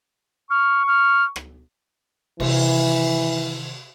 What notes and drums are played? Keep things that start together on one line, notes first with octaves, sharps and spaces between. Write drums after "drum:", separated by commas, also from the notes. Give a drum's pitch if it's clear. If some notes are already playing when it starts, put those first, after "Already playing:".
C#6 F6
F6
drum: rim click
C3 D#3 E3, drum: cymbal